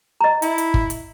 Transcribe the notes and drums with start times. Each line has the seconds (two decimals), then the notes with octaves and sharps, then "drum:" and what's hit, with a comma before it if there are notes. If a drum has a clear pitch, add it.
0.21 D#5 A#5
0.42 E4, drum: hi-hat
0.58 drum: hi-hat
0.74 drum: kick
0.90 drum: hi-hat